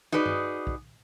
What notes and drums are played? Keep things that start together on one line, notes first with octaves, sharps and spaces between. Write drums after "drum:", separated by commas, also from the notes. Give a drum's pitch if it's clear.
D#4 F#4 G#4 B4 D5
drum: tom G2
drum: kick